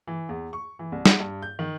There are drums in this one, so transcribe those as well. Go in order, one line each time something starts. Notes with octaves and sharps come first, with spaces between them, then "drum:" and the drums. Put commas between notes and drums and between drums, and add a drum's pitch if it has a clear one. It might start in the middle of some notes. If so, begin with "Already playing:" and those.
E3
E2
C#6
E3
C2
F#5, drum: snare
G2
G6
D#3